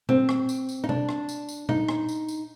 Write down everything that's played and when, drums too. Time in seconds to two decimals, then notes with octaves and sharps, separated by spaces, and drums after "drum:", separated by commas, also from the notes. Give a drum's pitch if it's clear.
0.09 C4, drum: tom A#2
0.29 drum: rim click
0.49 drum: tambourine
0.69 drum: tambourine
0.84 D#4
0.89 D4, drum: tom B2
1.09 drum: rim click
1.29 drum: tambourine
1.49 drum: tambourine
1.69 D#4, drum: tom A#2
1.89 drum: rim click
2.09 drum: tambourine
2.28 drum: tambourine